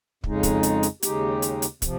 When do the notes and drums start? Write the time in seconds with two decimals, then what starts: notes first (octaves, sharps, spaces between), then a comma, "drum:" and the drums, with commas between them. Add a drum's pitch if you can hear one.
0.24 F2 C#3 G#3 D#4, drum: kick
0.43 drum: kick, hi-hat
0.63 drum: hi-hat
0.83 drum: hi-hat
1.03 D#2 C#3 G#3 D#4 G4, drum: hi-hat
1.42 drum: hi-hat
1.62 drum: hi-hat
1.82 C3 F3, drum: kick, hi-hat